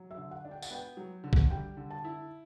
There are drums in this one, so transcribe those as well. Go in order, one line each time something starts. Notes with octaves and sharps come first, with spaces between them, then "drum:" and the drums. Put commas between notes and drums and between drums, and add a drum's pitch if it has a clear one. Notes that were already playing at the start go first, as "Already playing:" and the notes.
Already playing: F#3
E5
D3
F#5
D4
G5
F#5, drum: tambourine
B3 G5
F#3
D3
drum: kick
G3 G5
D3
A5
E4